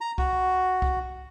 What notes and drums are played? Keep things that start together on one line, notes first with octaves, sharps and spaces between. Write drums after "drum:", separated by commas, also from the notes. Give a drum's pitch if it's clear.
A#5
F#4, drum: kick C2
drum: kick C2